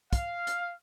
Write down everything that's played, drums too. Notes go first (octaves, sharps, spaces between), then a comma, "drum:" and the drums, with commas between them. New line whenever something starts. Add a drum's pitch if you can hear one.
F5, drum: kick, hi-hat
drum: hi-hat